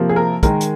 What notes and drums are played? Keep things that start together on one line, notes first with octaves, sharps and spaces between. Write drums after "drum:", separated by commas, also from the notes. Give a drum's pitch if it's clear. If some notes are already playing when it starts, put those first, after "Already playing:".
Already playing: C3 F3 A#3
G#4
A#4
D#3 G#3 A#4, drum: kick, hi-hat
drum: hi-hat